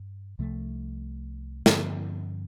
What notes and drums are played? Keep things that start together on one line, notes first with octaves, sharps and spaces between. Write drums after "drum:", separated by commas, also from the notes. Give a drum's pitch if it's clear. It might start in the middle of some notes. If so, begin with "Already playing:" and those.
Already playing: G2
C2 C3 F3 A3
G2 D3 F3 C4, drum: snare